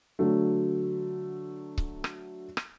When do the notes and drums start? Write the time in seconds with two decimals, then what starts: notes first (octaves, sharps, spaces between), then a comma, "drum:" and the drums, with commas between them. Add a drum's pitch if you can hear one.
0.19 D3 F#3 A3
1.78 drum: kick C#1
2.04 drum: rim click
2.57 drum: rim click